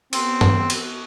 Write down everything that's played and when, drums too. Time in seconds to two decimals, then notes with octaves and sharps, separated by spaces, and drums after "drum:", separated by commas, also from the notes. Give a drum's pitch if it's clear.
0.13 B3 C4, drum: cymbal
0.41 drum: tom G2
0.70 drum: cymbal